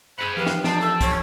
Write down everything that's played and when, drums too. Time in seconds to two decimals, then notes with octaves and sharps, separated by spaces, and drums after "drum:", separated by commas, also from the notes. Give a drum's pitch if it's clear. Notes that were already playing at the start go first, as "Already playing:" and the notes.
0.19 G#4 C5 F#5 B5
0.37 E3 F3 G4 B4 F5
0.46 drum: snare
0.64 F3 C4 D4 D#4 A5, drum: snare
0.80 A4
1.01 C#5, drum: kick, hi-hat